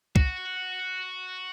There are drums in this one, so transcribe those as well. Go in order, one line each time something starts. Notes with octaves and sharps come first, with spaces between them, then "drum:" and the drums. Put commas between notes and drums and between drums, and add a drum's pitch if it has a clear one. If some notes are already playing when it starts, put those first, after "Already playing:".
F#4, drum: kick